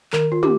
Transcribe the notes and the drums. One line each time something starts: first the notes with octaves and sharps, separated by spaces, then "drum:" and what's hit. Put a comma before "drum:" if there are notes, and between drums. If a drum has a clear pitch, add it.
D#3 A#4, drum: clap
F4
G4, drum: tom